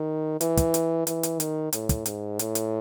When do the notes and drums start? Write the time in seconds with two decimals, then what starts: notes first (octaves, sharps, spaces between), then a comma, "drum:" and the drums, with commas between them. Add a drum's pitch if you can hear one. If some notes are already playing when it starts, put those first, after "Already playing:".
Already playing: D#3
0.41 E3, drum: hi-hat
0.57 drum: kick, hi-hat
0.74 drum: hi-hat
1.07 E3, drum: hi-hat
1.23 drum: hi-hat
1.40 D#3, drum: hi-hat
1.73 A2, drum: hi-hat
1.89 drum: kick, hi-hat
2.06 G#2, drum: hi-hat
2.39 A2, drum: hi-hat
2.55 drum: hi-hat